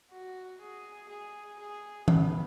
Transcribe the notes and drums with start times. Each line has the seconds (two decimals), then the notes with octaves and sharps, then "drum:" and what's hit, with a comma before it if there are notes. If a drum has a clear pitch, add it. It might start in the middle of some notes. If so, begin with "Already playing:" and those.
0.11 F#4
0.61 G#4
1.09 G#4
1.59 G#4
2.08 B3, drum: tom E3